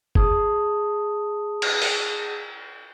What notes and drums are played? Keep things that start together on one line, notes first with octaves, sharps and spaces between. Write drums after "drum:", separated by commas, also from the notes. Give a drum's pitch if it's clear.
G#4 A5 D#6, drum: kick F#1
drum: cymbal
drum: open hi-hat